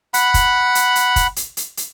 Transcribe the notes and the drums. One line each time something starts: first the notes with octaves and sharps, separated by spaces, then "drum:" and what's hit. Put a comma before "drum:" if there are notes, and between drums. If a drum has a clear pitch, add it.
F#5 B5, drum: hi-hat
drum: kick, hi-hat
drum: hi-hat
drum: hi-hat
drum: kick, hi-hat
drum: hi-hat
drum: hi-hat
drum: hi-hat